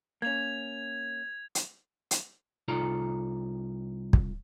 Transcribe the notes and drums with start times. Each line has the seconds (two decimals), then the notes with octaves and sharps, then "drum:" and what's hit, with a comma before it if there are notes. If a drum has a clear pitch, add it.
0.22 A#3 C#4 G#6 F7
1.55 drum: hi-hat
2.11 drum: hi-hat
2.68 C2 D#4 F4 A4 D5 A#5
4.13 drum: kick